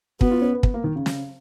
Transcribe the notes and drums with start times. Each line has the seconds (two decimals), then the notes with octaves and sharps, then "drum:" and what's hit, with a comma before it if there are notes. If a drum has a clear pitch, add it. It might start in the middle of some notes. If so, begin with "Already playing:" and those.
0.21 B3 F#4, drum: kick
0.31 F4
0.42 C#4
0.53 B3
0.63 B3, drum: kick
0.74 A#3
0.84 D#3
0.96 C#3
1.06 C#3, drum: snare